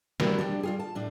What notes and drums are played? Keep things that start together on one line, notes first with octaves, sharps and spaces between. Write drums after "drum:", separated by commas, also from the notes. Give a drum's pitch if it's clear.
F3 G3 D4 E4 F#4 A#4, drum: snare
G3 D4
G3 F4 G#4
A5
A2 D4